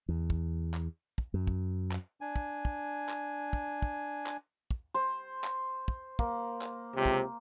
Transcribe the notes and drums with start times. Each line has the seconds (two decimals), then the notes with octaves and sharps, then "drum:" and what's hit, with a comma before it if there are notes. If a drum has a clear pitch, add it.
0.09 E2
0.30 drum: kick
0.74 drum: clap
1.18 drum: kick
1.34 F#2
1.47 drum: kick
1.92 drum: clap
2.21 D4 G#5
2.36 drum: kick
2.65 drum: kick
3.09 drum: clap
3.53 drum: kick
3.82 drum: kick
4.26 drum: clap
4.71 drum: kick
4.94 C5
5.44 drum: clap
5.88 drum: kick
6.19 A#3, drum: kick
6.61 drum: clap
6.96 C#2 C3
7.06 drum: kick